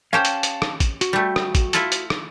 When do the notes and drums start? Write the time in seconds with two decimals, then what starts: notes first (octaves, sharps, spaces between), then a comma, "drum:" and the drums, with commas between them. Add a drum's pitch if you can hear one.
0.13 C#4 G4 C5 F5 A5
0.25 drum: hi-hat
0.43 drum: hi-hat
0.62 drum: rim click
0.80 drum: kick, hi-hat
1.01 F#4, drum: hi-hat
1.13 G3 A3
1.36 drum: rim click
1.55 drum: kick, hi-hat
1.73 E4 F4 A4, drum: hi-hat
1.92 drum: hi-hat
2.10 drum: rim click